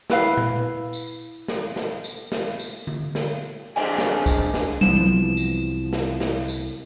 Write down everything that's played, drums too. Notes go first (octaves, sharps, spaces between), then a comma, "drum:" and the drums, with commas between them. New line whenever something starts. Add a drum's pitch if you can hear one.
E4 B4 F5, drum: snare
drum: tom A#2
drum: tambourine
drum: snare
drum: snare
drum: tambourine
drum: snare
drum: tambourine
drum: tom D3
drum: snare
D4 G#4 C5 D5 D#5 G#5
drum: snare
drum: kick, tambourine
drum: snare
C2 E3 F3 B3 E7, drum: tom F#3
drum: tambourine
drum: snare
drum: snare
drum: tambourine